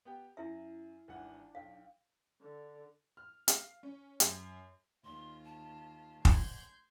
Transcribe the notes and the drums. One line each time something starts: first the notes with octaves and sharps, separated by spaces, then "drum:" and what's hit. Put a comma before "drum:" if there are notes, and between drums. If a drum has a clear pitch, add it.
B3 G4 G5
F#2 E4 E5
G#1 E3 D4 F#5
B1 F5 G5
D3
F6
F5, drum: hi-hat
C#4
F#2, drum: hi-hat
D#2 F4 C6
A5
C6 G6 G#6, drum: kick